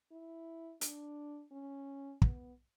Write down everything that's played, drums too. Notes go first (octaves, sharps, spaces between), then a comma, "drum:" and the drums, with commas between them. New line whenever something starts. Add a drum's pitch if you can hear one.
E4
D4, drum: hi-hat
C#4
B3, drum: kick